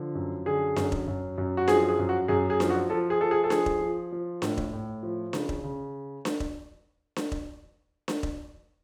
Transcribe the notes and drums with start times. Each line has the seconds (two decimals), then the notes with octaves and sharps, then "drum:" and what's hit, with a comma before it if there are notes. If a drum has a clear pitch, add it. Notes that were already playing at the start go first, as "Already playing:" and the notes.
Already playing: D3 F3
0.15 F#2
0.46 D3 G#4
0.76 F#2, drum: snare D4
0.92 drum: kick E1
1.08 F#2
1.38 F#2
1.57 F#4
1.68 F3 G#4, drum: snare D4
1.89 G#4
1.99 F#2
2.09 F#4
2.28 F#2 G#4
2.50 G#4
2.60 F3, drum: snare D4
2.70 F#4
2.90 F3 A4
3.10 G#4
3.21 F3 A4
3.31 G#4
3.44 A4
3.50 F3 G#4, drum: snare D4
3.66 drum: kick E1
3.81 F3
4.12 F3
4.42 A2, drum: snare D4
4.57 drum: kick E1
4.73 A2
5.03 F3
5.33 C#3, drum: snare D4
5.49 drum: kick E1
5.64 C#3
6.25 drum: snare D4
6.40 drum: kick E1
7.16 drum: snare D4
7.32 drum: kick E1
8.08 drum: snare D4
8.23 drum: kick E1